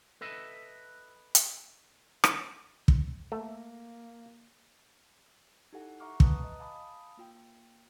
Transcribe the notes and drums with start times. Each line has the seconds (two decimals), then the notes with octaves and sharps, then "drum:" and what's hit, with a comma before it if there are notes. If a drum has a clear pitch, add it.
0.21 A4 B4 D#5 E5
1.35 drum: hi-hat
2.24 drum: rim click
2.88 drum: kick
3.32 A3 A#3
5.73 D#4 E4 G4 A4 F#5 G#5
6.00 E5 F#5 A#5 C#6 D6 F6
6.20 B4 A5 A#5 D#6 F#6, drum: kick
6.44 D#5
6.60 F5 G#5 A5 B5 D6 D#6
7.17 A#3 F4 G5